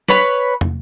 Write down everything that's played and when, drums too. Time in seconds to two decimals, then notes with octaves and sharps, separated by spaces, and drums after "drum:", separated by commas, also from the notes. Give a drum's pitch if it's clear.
0.08 B4 C#5 B5, drum: snare
0.61 drum: tom